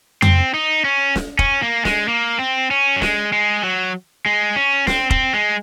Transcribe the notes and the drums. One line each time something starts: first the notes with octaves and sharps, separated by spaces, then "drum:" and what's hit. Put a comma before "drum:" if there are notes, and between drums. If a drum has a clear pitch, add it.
C4, drum: tom F2
D#4
C#4
drum: snare
C#4, drum: kick
A#3
G#3, drum: snare
A#3
C4
C#4
F#3
G#3, drum: snare
G#3
F#3
G#3
C#4
C4, drum: snare
C4, drum: kick
G#3